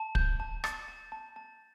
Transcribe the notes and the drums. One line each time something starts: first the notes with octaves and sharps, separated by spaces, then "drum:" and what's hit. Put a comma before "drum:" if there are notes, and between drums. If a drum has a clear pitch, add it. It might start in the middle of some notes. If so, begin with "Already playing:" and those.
Already playing: A5
G6, drum: kick
A5
A5 A6, drum: rim click
A5
A5
A5